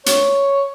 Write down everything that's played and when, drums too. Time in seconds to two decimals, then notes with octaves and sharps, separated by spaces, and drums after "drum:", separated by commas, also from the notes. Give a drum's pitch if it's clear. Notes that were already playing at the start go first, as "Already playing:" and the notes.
0.06 C#5, drum: hi-hat